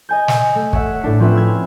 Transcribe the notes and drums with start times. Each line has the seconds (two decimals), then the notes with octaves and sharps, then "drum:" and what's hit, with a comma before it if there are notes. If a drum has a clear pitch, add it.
0.09 D#5 G#5 G6
0.28 drum: snare
0.55 A3
0.73 C#5 E5 F#5, drum: kick
1.01 A2 D4 B6
1.20 F3 C4 C#4 F4 B4 E5
1.35 E6 F6 G#6